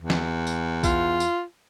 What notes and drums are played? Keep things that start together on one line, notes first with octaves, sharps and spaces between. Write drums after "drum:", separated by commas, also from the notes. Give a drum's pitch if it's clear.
E2
drum: snare
drum: tambourine
F4, drum: kick, tambourine
drum: tambourine